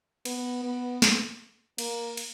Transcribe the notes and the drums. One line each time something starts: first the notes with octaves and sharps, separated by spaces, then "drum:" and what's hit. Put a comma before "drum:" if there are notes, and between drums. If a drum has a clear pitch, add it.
B3, drum: cymbal
B3
drum: snare
A#3, drum: cymbal
drum: cymbal